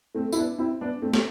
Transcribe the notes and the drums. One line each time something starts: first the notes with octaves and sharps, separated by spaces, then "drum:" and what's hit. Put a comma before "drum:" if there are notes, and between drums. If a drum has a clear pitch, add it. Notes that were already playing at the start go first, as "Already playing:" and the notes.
A3 C4
E4, drum: tambourine
B3 D4
C4 E4
B3 D4
A3 C4
drum: snare